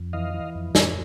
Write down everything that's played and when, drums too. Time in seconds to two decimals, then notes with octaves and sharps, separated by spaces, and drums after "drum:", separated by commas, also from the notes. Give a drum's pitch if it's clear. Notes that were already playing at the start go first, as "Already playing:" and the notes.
Already playing: F2
0.13 E3 D#5 F5
0.34 E3
0.55 F2
0.75 F2, drum: snare